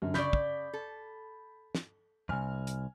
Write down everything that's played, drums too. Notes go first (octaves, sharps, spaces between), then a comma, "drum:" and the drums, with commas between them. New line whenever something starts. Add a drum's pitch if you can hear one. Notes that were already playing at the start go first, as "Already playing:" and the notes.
F#2 D3 F#3
C#3 D5 B5 G6 B6, drum: snare
drum: kick
A4
drum: snare
C2 F2 G#5 F6
drum: hi-hat